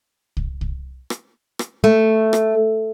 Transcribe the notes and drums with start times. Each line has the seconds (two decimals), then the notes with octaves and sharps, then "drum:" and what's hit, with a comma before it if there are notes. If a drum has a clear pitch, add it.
0.37 drum: kick C2
0.61 drum: kick C2
1.10 drum: rim click
1.59 drum: rim click
1.84 A3
2.33 drum: rim click